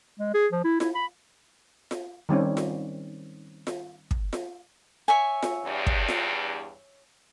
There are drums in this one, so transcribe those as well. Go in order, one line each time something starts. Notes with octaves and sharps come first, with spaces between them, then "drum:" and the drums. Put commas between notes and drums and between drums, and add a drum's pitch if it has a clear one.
G#3
G#4
F3
E4
E4, drum: snare F4
B5
drum: snare F4
D#3 G3 C4 C#4
drum: snare F4
drum: snare F4
drum: kick
drum: snare F4
C#5 E5 G#5
drum: snare F4
E2 G2
drum: kick
drum: snare F4